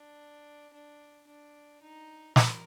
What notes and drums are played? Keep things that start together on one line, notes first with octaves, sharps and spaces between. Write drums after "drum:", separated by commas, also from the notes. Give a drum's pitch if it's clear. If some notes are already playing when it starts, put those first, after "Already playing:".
Already playing: D4
D4
D4
D#4
A#4, drum: snare